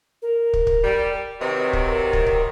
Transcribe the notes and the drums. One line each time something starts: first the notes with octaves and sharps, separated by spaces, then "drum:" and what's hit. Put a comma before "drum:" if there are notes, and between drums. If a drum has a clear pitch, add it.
A#4
drum: kick
drum: kick
G3
C3 D#3 F#3 B4
drum: kick
A#4
drum: kick
drum: kick